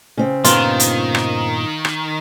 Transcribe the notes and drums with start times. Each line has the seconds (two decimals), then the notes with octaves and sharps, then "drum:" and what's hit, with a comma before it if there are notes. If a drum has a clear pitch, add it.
0.17 C#3 C4
0.45 G2 A#2 D#3 B3 F4, drum: hi-hat
0.80 drum: hi-hat
1.15 drum: rim click
1.85 drum: rim click